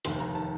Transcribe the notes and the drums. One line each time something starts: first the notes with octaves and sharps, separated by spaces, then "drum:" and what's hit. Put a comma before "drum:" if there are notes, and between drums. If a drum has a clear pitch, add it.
F1 D#2 D#3 C6, drum: hi-hat
A#5
A5